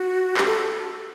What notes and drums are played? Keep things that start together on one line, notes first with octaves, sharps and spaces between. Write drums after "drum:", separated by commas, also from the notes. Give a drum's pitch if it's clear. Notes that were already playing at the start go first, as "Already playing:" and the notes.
Already playing: F#4
G4, drum: clap
A4